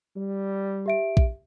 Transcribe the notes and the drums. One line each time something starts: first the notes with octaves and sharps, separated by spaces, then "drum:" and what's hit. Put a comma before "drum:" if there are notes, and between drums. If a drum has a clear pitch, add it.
G3
G4 E5 D7
drum: kick A#1